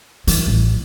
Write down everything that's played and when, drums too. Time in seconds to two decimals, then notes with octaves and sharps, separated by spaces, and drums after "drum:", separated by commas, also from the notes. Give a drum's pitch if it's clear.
0.27 E3, drum: hi-hat
0.48 A1